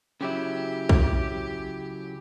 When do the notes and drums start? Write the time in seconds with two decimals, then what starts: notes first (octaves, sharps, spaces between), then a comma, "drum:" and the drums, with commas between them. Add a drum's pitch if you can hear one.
0.21 C#3 F#3 E4 G4
0.89 drum: kick A#1